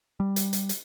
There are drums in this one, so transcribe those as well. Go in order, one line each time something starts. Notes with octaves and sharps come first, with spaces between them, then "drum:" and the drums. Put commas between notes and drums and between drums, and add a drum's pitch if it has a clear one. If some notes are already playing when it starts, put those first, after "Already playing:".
G3
drum: hi-hat
drum: hi-hat
drum: hi-hat